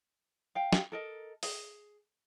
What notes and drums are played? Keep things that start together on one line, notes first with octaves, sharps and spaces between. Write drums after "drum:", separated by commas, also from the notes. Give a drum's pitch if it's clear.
F5 G5
drum: snare
A4 A#4 D#5
G#4, drum: open hi-hat